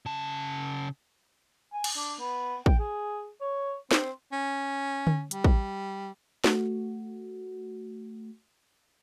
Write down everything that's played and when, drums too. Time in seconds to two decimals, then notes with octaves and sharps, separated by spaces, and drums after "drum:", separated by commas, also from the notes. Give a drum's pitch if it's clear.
0.06 C#3 A5
1.73 G#5
1.84 drum: cymbal
1.96 D4
2.20 B3
2.66 G5, drum: kick
2.79 G#4
3.40 C#5
3.91 C4, drum: snare
4.32 C#4
5.07 drum: tom D3
5.31 G3, drum: hi-hat
5.44 drum: kick
6.44 A3 F#4, drum: snare